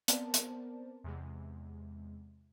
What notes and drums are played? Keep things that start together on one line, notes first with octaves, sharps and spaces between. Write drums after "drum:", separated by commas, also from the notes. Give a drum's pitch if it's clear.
B3 C4 A#4 C5 D5 A5, drum: hi-hat
drum: hi-hat
E2 C3 G#3